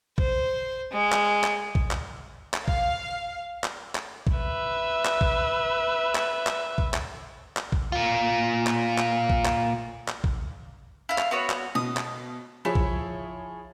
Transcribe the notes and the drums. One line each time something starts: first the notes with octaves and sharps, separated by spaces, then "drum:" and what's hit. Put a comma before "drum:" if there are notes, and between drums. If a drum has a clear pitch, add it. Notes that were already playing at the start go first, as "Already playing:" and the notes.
C5, drum: kick
G#3
drum: clap
drum: clap
drum: kick
drum: clap
drum: clap
F5, drum: kick
drum: clap
drum: clap
drum: kick
B4 E5
drum: clap
drum: kick
drum: clap
drum: clap
drum: kick
drum: clap
drum: clap
drum: kick
A#2 F4
drum: clap
drum: clap
drum: kick
drum: clap
drum: clap
drum: kick
E4 F5
drum: clap
B3 F#4 C#5
drum: clap
B2 D#6
drum: clap
F3 E4 G#4 C#5
drum: kick